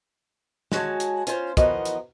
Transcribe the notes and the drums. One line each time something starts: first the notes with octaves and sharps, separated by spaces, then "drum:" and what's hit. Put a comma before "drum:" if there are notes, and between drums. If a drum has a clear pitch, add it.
G#3 F#4 C#5 G#5 A5, drum: snare
drum: hi-hat
C#4 F4 C5, drum: hi-hat
E3 F3 B3 F#4 A#4 D#5, drum: kick, hi-hat
drum: hi-hat